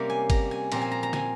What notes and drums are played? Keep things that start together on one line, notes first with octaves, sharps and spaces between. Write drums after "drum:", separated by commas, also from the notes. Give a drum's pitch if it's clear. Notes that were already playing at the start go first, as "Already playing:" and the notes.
Already playing: C3 G3 A#3 C#4 A#5
G#5
A#5, drum: kick, cymbal
G#5
A#2 F3 C4 A#5, drum: cymbal
G#5
A#5
A#5
G#5, drum: snare